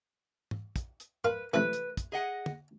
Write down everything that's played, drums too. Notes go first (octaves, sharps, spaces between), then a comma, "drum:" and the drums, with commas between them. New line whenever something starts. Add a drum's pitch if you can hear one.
drum: tom G#2
drum: kick, hi-hat
drum: hi-hat
A#4 B4 F5 C6, drum: tom G#2
C3 E3 A3 B4
drum: hi-hat
drum: kick, hi-hat
G#4 D#5 F#5
drum: tom